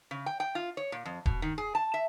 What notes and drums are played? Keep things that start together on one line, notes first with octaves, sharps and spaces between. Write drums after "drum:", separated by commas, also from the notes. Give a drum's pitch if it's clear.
C#3
G5
G5
F4
C#5
A#2
F2
B2, drum: kick D#1
D#3
G#4
A5
E5